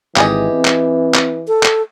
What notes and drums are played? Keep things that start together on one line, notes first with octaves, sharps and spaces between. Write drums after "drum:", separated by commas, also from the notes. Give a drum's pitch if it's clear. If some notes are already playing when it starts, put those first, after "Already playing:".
G#1 E3 G4 G#4 D#5, drum: clap
C4
drum: clap
drum: clap
A4
drum: clap